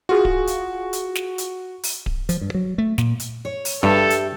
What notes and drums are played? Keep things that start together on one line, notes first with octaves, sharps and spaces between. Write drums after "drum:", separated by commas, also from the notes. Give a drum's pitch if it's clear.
F4 F#4 G#4
drum: kick D1
drum: hi-hat
drum: hi-hat
drum: snare
drum: hi-hat
drum: open hi-hat
drum: kick D1
F3, drum: hi-hat
G2
F#3
A3
A#2, drum: snare
drum: hi-hat
C#5
drum: open hi-hat
G2 G4 A4 E5
drum: hi-hat